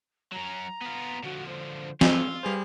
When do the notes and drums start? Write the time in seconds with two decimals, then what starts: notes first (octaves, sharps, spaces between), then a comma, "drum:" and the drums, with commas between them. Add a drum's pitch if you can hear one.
0.32 F#3 C#4 A#5
0.82 B3 F4
1.23 D3 F3 F#4
1.47 C5
2.01 F4 E6, drum: snare
2.43 G3 G#4 B4 C5